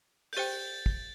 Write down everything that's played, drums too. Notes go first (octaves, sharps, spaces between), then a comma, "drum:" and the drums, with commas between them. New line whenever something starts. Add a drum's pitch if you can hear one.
G6, drum: open hi-hat
G4 C5 G5 A6
drum: kick